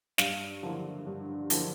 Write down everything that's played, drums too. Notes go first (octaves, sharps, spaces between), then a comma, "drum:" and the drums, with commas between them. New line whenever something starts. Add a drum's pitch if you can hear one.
G2 F5, drum: snare
D3 F3 A#3 E4
G2
D3 F3 A#3 E4, drum: hi-hat